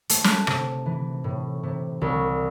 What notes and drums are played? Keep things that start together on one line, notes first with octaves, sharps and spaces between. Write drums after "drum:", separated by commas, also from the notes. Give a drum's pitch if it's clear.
A3, drum: hi-hat
drum: snare
C3, drum: rim click
E3
A2
C3
C2